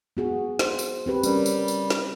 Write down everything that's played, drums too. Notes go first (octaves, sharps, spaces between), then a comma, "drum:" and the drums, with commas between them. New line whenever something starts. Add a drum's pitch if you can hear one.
B3 F#4 G#4
C5, drum: snare
drum: tambourine
C4 G4 B4
G3 C#4 A#4, drum: tambourine
drum: tambourine
drum: tambourine
drum: snare